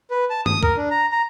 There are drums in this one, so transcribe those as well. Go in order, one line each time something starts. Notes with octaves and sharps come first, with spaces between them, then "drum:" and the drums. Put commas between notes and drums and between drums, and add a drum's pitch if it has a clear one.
B4
A5
D#6, drum: tom
A#4, drum: kick
D4
A#5
A#5